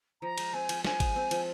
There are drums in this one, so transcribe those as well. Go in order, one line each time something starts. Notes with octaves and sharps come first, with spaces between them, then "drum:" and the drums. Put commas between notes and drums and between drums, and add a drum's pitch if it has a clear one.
F3 A#5
G#3, drum: cymbal
C4 G#5
F3, drum: cymbal
F3 G#5, drum: snare
G#3, drum: kick G#1, cymbal
C4
F3, drum: cymbal